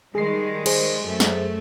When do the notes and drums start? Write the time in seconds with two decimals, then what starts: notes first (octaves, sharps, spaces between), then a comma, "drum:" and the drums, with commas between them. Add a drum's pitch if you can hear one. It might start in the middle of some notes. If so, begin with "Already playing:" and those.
0.15 D#3 G3 G#3 G#4 C7
0.66 G#4 C5, drum: cymbal
1.02 F#2 A3
1.20 drum: snare